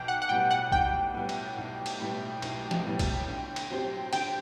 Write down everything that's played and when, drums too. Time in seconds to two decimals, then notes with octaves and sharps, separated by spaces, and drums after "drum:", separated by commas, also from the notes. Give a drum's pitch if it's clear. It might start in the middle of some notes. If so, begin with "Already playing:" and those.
Already playing: B1 G5
0.08 F#5
0.22 F#5
0.29 A2 G3 B3 G5
0.51 F#5
0.72 B1 G5, drum: kick
1.14 A2 G3 B3
1.29 drum: cymbal
1.58 B1
1.86 drum: cymbal
2.00 A2 G3 B3
2.42 B1, drum: cymbal
2.71 drum: snare
2.85 A2 G3 B3
2.99 drum: kick, cymbal
3.28 D3
3.56 drum: cymbal
3.71 F#3 C4 G4 C5
4.13 D3 G5, drum: cymbal